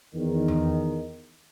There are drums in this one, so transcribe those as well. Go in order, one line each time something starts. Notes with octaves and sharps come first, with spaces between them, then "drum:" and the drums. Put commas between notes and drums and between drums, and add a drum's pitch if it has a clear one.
E2 D#3
drum: tom E2